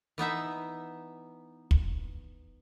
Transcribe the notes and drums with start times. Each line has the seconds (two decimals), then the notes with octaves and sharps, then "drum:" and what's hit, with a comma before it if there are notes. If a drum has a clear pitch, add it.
0.18 E3 B3 D#4 E5
1.71 drum: kick